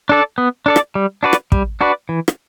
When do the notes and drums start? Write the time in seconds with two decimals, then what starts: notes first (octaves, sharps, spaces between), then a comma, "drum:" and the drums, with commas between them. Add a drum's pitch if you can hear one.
0.09 D4 A4 D5
0.38 B3
0.66 D4 A4 D5
0.76 drum: rim click
0.95 G3
1.23 D4 F#4 B4 D5
1.33 drum: rim click
1.52 G3, drum: kick
1.81 D4 F#4 B4 D5
2.09 E3
2.28 drum: rim click